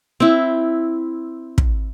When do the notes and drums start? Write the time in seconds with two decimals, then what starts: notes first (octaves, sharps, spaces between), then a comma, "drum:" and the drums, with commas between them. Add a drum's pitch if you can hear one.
0.20 C4 E4
1.58 drum: kick